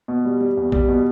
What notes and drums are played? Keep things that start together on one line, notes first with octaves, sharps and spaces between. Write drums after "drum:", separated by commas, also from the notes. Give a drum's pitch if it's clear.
B2
G3
G3
E2
G3, drum: kick
B2